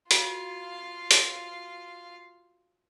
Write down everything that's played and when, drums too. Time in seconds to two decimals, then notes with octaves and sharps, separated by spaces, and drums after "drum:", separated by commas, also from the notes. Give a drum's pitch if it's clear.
0.11 F4 F#4 F5, drum: hi-hat
1.11 drum: hi-hat